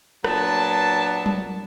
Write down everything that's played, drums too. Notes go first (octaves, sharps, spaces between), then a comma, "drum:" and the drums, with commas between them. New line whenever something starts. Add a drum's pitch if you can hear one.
A#2 F#3 B3 D4 A5, drum: rim click
drum: tom F#3